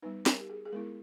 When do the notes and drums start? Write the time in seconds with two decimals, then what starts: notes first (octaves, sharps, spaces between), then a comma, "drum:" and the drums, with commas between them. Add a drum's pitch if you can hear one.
0.02 G3 B3 D#4 B4
0.26 A#4, drum: snare
0.40 G4
0.49 G#4
0.65 G#4
0.72 G#3 B3 E4 A#4